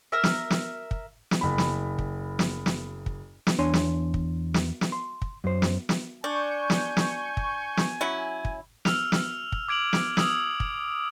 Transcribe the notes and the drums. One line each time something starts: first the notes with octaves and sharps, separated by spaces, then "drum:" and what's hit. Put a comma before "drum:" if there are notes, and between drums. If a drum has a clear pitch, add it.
A#4 E5
drum: snare
drum: snare
drum: kick
drum: snare
F#1 B5
drum: snare
drum: kick
drum: snare
drum: snare
drum: kick
drum: snare
E2 D4 C#5 G#5 C6
drum: snare
drum: kick
drum: snare
drum: snare
C6
drum: kick
F#2 C5
drum: snare
drum: snare
D4 G#5 C#6 G6
drum: snare
drum: snare
drum: kick
drum: snare
F#3 C#4 E4
drum: kick
E6 F6 F7, drum: snare
drum: snare
drum: kick
D6 G#6 D7 F7 F#7
drum: snare
D#6 E6 G#6, drum: snare
drum: kick